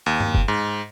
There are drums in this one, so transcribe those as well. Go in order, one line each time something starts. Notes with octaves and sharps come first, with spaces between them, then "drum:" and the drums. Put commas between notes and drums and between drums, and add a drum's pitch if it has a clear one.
D#2
drum: tom G2
drum: kick F#1
G#2